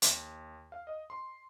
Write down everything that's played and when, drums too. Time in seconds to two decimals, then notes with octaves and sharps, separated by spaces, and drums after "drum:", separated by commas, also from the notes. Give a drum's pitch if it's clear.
0.02 D#2, drum: hi-hat
0.72 F5
0.87 D#5
1.10 C6